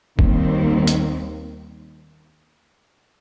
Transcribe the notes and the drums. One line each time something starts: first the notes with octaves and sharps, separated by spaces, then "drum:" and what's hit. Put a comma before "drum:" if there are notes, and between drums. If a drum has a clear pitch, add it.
D#2 D#3 G3 C4, drum: kick
drum: hi-hat